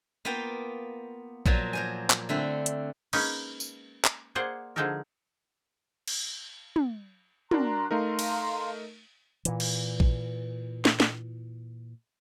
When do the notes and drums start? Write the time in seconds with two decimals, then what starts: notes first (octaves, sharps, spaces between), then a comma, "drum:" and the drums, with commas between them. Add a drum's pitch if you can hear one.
0.25 A#3 B3 F4 F5 G5
1.46 A#2 F3 F#3 A#3, drum: kick A#1
1.73 A#4 C5 G#5
2.10 drum: clap
2.29 D3 A3 C4 E4
2.66 drum: hi-hat
3.13 G#3 A#3 C#4 D#4 B4, drum: cymbal
3.60 drum: tambourine
4.05 drum: clap
4.35 A#3 G#4 C5 D5 F#5
4.76 D3 F3 G#3 D#4 A4 A#4
6.08 drum: cymbal
6.76 drum: tom
7.51 D4 F#4 A#4 A#5 C6 F#6, drum: tom
7.91 A3 D#4 A#4 F5 A#5 C6
8.19 drum: cymbal
9.45 A#2 E3, drum: hi-hat
9.60 drum: cymbal
10.00 drum: kick A#1
10.85 drum: snare
11.00 drum: snare